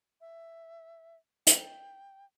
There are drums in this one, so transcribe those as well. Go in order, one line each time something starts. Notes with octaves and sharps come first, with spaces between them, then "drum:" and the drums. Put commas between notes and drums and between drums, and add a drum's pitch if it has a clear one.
E5
G5, drum: hi-hat